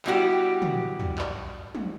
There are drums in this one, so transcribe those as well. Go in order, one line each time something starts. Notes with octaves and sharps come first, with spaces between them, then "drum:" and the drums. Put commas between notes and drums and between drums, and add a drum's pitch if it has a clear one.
G3 B3 E4 F#4 G4, drum: clap
drum: tom
drum: tom
drum: clap
drum: tom